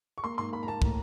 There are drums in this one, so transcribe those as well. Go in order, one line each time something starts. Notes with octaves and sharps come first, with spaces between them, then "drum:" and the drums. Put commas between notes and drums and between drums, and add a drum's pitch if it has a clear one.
C#6
A#3 C6
G#2 C6
A#3 B5
A#5
A#3 A5
A2 A#5, drum: kick